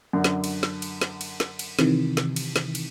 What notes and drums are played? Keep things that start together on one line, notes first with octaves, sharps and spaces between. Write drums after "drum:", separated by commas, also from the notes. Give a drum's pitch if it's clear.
F#2 D3
drum: snare
drum: cymbal
drum: snare
drum: cymbal
drum: snare
drum: cymbal
drum: snare
drum: cymbal
C3 D#3 E3, drum: snare
drum: snare
drum: cymbal
drum: snare
drum: cymbal